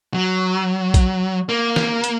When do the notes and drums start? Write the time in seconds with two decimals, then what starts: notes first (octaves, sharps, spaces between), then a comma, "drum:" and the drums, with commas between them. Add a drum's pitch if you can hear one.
0.14 F#3
0.94 drum: kick A#1, hi-hat
1.49 A#3
1.76 drum: snare
2.04 drum: hi-hat